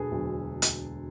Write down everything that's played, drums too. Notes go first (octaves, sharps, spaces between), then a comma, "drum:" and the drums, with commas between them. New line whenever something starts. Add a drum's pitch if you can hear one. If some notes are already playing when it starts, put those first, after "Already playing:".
Already playing: E1 D2 D3 F#3 G#4 A4 B4
E1 D2 D3 F#3
drum: hi-hat